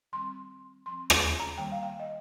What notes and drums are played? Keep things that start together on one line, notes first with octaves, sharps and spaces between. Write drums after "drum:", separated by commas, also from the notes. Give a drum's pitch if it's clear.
D#3 G3 C4 C6
F3 C4 C6
drum: rim click
A#5
D#3 G3 A#3 G5
F5
G5
D#5